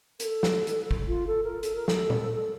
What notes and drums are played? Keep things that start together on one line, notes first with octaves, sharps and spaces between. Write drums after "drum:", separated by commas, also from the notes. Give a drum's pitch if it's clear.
A#4, drum: hi-hat
A4
drum: snare
drum: hi-hat
drum: kick
F4
A4
A#4
A4, drum: hi-hat
A#4
A#4, drum: snare
A4
drum: tom
A4